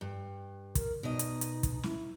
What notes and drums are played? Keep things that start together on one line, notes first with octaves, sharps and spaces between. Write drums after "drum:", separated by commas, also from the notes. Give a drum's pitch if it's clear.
G2
A#4, drum: kick, hi-hat
B2 D#4 D#5
drum: hi-hat
drum: hi-hat
drum: kick, hi-hat
E4, drum: snare